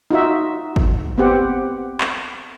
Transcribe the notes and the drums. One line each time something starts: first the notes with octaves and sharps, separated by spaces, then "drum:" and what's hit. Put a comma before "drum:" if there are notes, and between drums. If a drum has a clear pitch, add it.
D#4 F4 F#4 E5
drum: kick
B3 C4 G4 F#5
drum: clap